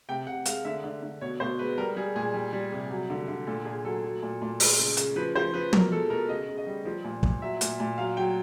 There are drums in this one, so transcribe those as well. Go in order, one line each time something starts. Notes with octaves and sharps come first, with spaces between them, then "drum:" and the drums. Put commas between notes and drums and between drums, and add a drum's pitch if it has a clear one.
C3 G5
C3 F#5
G#3 F5, drum: hi-hat
D3 E5
D3
D3
B2 C#5
B2 C5
G#3 B4
G3 A#4
G3 G#4
A#2 G#4
G3
G3
C3
F#3
D3
D3
A#2 A4
A#2 G#4
F#3 A4
F#3
A#2
A#2
G#3, drum: open hi-hat
C#3
C#3, drum: hi-hat
F3 B4
F3 C5
F3 B4
B2 A#4, drum: tom
G#3 A4
B2 A#4
C#3 D#5
C#3
D#5
G3
F3
A#2
A#2, drum: kick
F#3 E5
A#2, drum: hi-hat
A#2
F#3 F5
F#3 G5